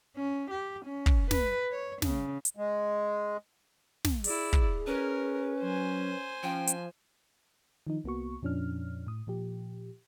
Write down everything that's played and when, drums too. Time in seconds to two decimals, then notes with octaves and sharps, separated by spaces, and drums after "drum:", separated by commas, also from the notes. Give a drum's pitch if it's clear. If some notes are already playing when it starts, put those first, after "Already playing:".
0.16 C#4
0.51 G4
0.85 C#4
1.06 drum: kick
1.31 B4, drum: snare
1.71 C#5
2.02 C#3, drum: snare
2.45 drum: hi-hat
2.57 G#3
4.05 drum: snare
4.24 E4 G#4 D5, drum: open hi-hat
4.53 drum: kick
4.87 C#4 A#4 B4
5.61 F#3 C5 G#5
6.43 F3 C#4 G5
6.67 drum: hi-hat
7.87 D#3 F3 D#4
8.04 C2 A#3 B3 F#4 C#6
8.42 F2 A#2 F3 C#4 D4 F6
9.07 A2 D#6
9.27 A#2 F3 G4